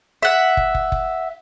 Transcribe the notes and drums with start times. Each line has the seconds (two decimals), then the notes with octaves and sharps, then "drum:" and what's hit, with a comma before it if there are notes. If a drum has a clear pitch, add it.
0.23 E5 F#5
0.57 drum: kick
0.75 drum: kick
0.92 drum: kick